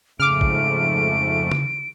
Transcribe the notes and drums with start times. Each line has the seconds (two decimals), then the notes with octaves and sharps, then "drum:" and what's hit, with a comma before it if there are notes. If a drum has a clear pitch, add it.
0.20 F2 G#2 C#3 A3 D6 F6 D7
0.41 drum: kick A1
1.51 drum: tom C#3